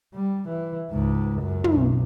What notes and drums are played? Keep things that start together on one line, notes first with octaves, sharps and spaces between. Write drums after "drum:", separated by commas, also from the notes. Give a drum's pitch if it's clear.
G3
E3
C#2 G#2
F#2
drum: tom
B1